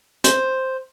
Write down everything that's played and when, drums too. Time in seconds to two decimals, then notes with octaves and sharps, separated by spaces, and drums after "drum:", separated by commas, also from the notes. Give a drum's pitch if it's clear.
0.24 C5, drum: hi-hat